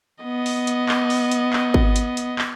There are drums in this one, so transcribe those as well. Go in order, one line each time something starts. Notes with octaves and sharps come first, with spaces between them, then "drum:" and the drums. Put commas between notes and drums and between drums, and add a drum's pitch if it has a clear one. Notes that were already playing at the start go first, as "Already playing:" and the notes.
B3 D#5
drum: open hi-hat
drum: hi-hat
drum: clap
drum: open hi-hat
drum: hi-hat
drum: clap
drum: kick G#1
drum: hi-hat
drum: hi-hat
drum: clap